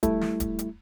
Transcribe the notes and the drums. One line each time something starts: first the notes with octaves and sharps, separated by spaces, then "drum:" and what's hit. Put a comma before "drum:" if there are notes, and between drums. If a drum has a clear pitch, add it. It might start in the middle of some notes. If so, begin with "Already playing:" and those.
G3 A3 E4, drum: kick D1, hi-hat
drum: snare
drum: kick D1, hi-hat
drum: hi-hat